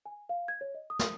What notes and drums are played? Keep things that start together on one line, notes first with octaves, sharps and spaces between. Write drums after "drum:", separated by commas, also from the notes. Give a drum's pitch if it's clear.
G#5
F5
G#6
C#5
D#5
D#6
drum: snare